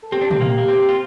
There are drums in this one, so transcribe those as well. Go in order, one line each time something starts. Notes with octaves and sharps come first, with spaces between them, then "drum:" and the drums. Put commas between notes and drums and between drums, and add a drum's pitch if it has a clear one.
A4
C4 G4
D4
C4, drum: tom A#2
A#3
A#3
C4
F4